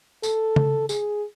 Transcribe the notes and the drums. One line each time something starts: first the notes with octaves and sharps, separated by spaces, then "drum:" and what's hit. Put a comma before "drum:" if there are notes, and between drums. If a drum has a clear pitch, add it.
A4, drum: tambourine
drum: tom C#3
G#4, drum: tambourine